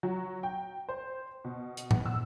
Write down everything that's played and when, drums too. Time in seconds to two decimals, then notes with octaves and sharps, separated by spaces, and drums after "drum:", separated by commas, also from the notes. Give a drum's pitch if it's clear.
0.03 F#3
0.43 G5
0.89 C5
1.44 B2
1.77 drum: hi-hat
1.91 B3, drum: tom G#2
2.06 E6